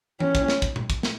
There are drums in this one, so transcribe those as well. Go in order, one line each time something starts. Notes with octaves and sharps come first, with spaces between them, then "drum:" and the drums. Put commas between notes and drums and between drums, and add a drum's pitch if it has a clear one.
C#4, drum: tom E3
drum: kick, hi-hat
drum: snare
drum: kick, hi-hat
drum: tom A#2
drum: kick, hi-hat
drum: snare